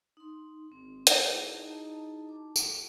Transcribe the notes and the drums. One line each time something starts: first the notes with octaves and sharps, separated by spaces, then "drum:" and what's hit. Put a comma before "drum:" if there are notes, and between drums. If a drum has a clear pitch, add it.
D#4 C6
G#1 C4
B1 D#4 E4 F#4 G#4 F#5, drum: hi-hat
D#4 A5
D6
drum: tambourine